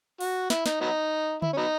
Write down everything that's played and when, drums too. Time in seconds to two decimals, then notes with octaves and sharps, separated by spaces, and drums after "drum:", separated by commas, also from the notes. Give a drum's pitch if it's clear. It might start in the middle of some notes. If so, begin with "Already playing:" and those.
0.21 F#4, drum: open hi-hat
0.50 E4, drum: snare
0.66 D#4, drum: snare
0.81 F#3 B3 D#4
1.42 E4, drum: tom D3
1.53 C#4
1.57 F#3 B3 D#4